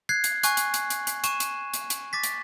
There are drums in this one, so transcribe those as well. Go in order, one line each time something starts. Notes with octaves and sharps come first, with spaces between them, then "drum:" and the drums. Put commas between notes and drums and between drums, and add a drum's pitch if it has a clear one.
F#6 G#6 C7
drum: hi-hat
G#5 C#6 F#6, drum: hi-hat
drum: hi-hat
drum: hi-hat
drum: hi-hat
drum: hi-hat
C#6 D#7 E7, drum: hi-hat
drum: hi-hat
drum: hi-hat
drum: hi-hat
D6 A6 B6
drum: hi-hat